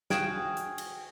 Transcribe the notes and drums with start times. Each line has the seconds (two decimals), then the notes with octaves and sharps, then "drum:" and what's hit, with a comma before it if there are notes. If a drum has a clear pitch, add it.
0.10 F#4 G#4 F5 G5, drum: snare
0.57 drum: hi-hat
0.78 drum: cymbal